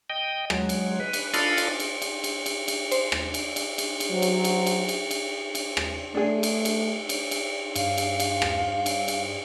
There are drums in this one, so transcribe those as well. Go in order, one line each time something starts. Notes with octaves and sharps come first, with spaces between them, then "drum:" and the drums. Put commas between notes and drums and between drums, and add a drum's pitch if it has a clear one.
D#5 G5
F#3 G#3, drum: rim click
drum: cymbal
B4
drum: cymbal
D4 F4 A4 D#5 F5 B5, drum: cymbal
drum: cymbal
drum: cymbal
drum: cymbal
drum: cymbal
drum: cymbal
drum: cymbal
C5, drum: cymbal
drum: rim click
drum: cymbal
drum: cymbal
drum: cymbal
drum: cymbal
F#3 C5
drum: cymbal
drum: cymbal
drum: cymbal
drum: cymbal
drum: cymbal
drum: cymbal
drum: rim click
A3 D4 G#4
drum: cymbal
drum: cymbal
drum: cymbal
drum: cymbal
G2 F5, drum: cymbal
drum: cymbal
drum: cymbal
drum: rim click
drum: cymbal
drum: cymbal